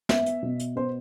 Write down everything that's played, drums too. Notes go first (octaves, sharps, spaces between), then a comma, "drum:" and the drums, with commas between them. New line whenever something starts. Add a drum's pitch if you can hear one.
B3 E5, drum: snare
drum: hi-hat
B2
drum: hi-hat
B3 C5